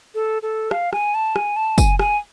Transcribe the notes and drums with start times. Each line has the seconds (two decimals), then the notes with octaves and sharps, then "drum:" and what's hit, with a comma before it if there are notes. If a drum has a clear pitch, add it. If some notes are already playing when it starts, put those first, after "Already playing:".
0.15 A4
0.43 A4
0.71 F5, drum: rim click
0.93 G#5, drum: rim click
1.15 A5
1.36 G#5, drum: rim click
1.56 A5
1.78 G#5, drum: kick, tambourine
1.99 G#5, drum: rim click